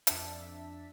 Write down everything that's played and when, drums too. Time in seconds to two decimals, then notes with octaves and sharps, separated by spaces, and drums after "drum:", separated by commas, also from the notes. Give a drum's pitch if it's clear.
0.07 F2 D4 E5 A5 B6, drum: hi-hat